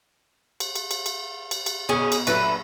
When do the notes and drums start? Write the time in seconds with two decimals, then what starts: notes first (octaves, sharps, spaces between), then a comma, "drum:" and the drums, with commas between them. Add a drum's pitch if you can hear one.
0.60 drum: cymbal
0.76 drum: cymbal
0.91 drum: cymbal
1.06 drum: cymbal
1.51 drum: cymbal
1.66 drum: cymbal
1.89 B1 B2 C#4 G#4
2.12 drum: cymbal
2.27 A#1 F#3 A3 B4, drum: cymbal